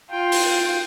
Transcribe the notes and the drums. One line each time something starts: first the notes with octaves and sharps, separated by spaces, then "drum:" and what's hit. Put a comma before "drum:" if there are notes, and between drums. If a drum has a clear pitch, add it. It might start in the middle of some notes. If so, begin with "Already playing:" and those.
F4 G5
drum: open hi-hat